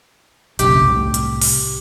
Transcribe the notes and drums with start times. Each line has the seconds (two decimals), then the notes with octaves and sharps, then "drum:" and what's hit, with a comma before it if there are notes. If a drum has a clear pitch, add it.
0.59 B1 F#2 C#3 G4, drum: hi-hat
0.83 C2 A2 C3
1.14 drum: hi-hat
1.42 drum: open hi-hat